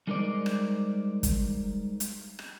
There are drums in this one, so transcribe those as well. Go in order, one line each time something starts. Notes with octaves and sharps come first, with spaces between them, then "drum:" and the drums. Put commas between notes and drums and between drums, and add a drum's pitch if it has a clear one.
G3 G#3 D#4 A#4 C5 D5
drum: rim click
drum: kick, hi-hat
drum: hi-hat
drum: rim click